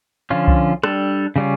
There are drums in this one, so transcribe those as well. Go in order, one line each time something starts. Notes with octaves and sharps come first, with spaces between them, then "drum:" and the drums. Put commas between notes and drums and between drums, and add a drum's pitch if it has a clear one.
D3 F3 C#4 F4
drum: kick C2
G3 D4 A4, drum: rim click
C#3 G3 C#4 F4